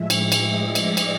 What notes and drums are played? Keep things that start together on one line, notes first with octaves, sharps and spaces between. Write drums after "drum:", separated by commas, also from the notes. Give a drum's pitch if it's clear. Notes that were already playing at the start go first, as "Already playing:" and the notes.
Already playing: A2 F3 G#3 E5
D#5, drum: cymbal
drum: cymbal
D5
drum: cymbal
drum: cymbal